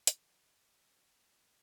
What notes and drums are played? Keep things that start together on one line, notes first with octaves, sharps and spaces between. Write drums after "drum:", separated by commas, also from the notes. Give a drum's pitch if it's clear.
E3 F#3 C#4, drum: hi-hat